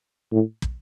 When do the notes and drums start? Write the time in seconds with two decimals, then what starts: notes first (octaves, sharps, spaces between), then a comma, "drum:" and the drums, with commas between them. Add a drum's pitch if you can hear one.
0.32 A2
0.62 drum: kick